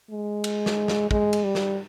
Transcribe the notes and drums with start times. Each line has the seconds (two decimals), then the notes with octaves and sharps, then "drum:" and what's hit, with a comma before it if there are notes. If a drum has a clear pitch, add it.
0.10 G#3
0.44 drum: cymbal
0.66 drum: snare
0.88 drum: snare
1.11 G#3, drum: kick
1.33 drum: cymbal
1.44 G3
1.55 drum: snare